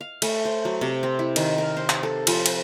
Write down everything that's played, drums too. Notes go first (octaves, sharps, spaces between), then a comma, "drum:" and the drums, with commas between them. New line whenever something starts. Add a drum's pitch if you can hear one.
F5
A3, drum: cymbal
C5
F#3
C3
C4
E4
D#3, drum: cymbal
A#4
C5
drum: clap
A4
F3, drum: cymbal
drum: cymbal